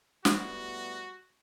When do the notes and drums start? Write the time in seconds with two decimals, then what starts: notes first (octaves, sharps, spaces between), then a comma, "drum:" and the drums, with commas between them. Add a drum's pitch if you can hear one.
0.25 A2 G3 B3 F#4, drum: snare